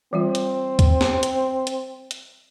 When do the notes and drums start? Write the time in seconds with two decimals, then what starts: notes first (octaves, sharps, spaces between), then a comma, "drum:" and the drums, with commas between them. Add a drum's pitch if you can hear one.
0.13 E3 G3 C4 F4
0.35 drum: hi-hat
0.79 drum: kick D2, hi-hat
1.01 drum: snare
1.23 drum: hi-hat
1.67 drum: hi-hat
2.11 drum: hi-hat